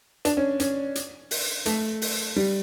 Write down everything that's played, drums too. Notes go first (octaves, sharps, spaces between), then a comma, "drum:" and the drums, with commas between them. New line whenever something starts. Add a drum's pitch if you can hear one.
D4, drum: hi-hat
C#4
C#4, drum: hi-hat
drum: hi-hat
drum: open hi-hat
A3, drum: hi-hat
drum: open hi-hat
G3